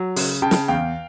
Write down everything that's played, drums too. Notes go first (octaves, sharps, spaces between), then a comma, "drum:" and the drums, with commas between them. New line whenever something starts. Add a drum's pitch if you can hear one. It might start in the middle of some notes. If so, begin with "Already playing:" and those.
Already playing: F#3
C#3, drum: open hi-hat
C#3 G5 A5
drum: snare
E2 F5 G5